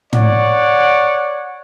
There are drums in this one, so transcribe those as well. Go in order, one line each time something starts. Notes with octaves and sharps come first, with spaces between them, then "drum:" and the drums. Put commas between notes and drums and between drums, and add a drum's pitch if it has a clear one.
C#5 D5 F#5, drum: tom